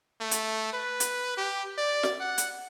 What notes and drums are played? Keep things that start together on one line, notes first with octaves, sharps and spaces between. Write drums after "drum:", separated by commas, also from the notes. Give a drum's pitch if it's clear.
A3
drum: hi-hat
B4
drum: hi-hat
G4
D5
drum: snare
F#5
drum: hi-hat